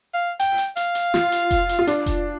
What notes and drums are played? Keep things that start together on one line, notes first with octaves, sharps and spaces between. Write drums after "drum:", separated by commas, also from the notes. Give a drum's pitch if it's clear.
F5
G5, drum: hi-hat
drum: hi-hat
F5, drum: hi-hat
drum: hi-hat
F4, drum: snare
drum: hi-hat
drum: kick F1, hi-hat
drum: hi-hat
F4
D4, drum: hi-hat
drum: kick F1, hi-hat